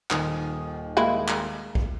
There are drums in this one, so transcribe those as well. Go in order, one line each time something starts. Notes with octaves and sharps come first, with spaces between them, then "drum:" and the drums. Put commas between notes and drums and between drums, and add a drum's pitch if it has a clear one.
D#1 D#3 D#6, drum: clap
G#3 A#3 E4
drum: clap
drum: kick